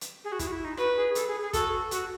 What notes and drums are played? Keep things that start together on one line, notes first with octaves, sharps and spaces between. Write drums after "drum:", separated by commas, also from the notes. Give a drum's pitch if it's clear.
drum: hi-hat
G#4
F#4
E4, drum: kick, hi-hat
F#4
E4
D#4
F#4 B4, drum: rim click
G#4
A4, drum: hi-hat
G#4
G#4
F#4 A4, drum: kick, hi-hat
F#4, drum: hi-hat